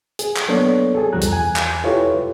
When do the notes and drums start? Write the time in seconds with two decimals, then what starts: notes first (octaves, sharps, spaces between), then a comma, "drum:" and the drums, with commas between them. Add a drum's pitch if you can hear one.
0.19 G#4, drum: hi-hat
0.36 drum: clap
0.48 F#3 A#3 B3 D4 A4 C#5
0.95 G#4 A4
1.13 C#2 F#2 F3 G3 A#5 F#6
1.22 drum: hi-hat
1.31 E2 G#5
1.56 drum: clap
1.84 E4 F4 G4 A4 B4 C#5